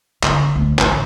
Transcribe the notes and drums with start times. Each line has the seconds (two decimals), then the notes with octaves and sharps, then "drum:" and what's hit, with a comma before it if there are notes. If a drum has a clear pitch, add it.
0.23 D3, drum: clap
0.56 D2
0.79 A1, drum: clap